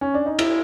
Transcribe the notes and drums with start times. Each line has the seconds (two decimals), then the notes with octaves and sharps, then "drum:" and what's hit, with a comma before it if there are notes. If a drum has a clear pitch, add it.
0.01 C#4
0.14 D4
0.26 D#4
0.39 E4, drum: cymbal